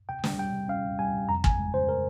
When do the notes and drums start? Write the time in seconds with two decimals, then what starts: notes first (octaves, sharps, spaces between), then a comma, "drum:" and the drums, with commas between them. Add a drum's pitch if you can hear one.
0.09 C3 G5
0.24 G3, drum: snare
0.39 G3 G5
0.53 C3
0.68 C#4 F5
0.84 C3
0.99 G3 G#5
1.13 C3
1.29 F2 A#5
1.44 C#3 G#5, drum: kick
1.58 G#3
1.73 C#3 C5
1.89 A#4